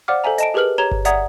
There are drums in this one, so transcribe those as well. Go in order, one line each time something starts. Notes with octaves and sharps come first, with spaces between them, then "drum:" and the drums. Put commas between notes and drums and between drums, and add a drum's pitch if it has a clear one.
C5 D5 F5 F#5 D6 F6
A4 C5 E5 G#5 A#5
D#5 A5 D7, drum: hi-hat
G4 G#4 A#4 B4 F6 F#7
G4 C#5 A#5 G#6 E7 G7
drum: kick G1
D5 E5 F#5 A#5 D#6 G#6, drum: hi-hat